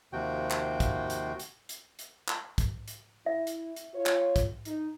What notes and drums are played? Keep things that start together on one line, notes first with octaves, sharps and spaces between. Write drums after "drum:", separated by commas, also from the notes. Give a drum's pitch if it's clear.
D#2 C3 F3 F#4 G5
drum: clap
drum: kick, hi-hat
drum: hi-hat
drum: hi-hat
drum: hi-hat
drum: hi-hat
drum: clap
drum: kick, hi-hat
drum: hi-hat
E4 E5
drum: hi-hat
drum: hi-hat
F4 C#5
drum: clap
drum: kick, hi-hat
D#4, drum: hi-hat